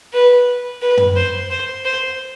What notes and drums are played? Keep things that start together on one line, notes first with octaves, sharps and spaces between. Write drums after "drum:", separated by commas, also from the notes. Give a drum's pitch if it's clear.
B4
B4
drum: tom
C5
C5
C5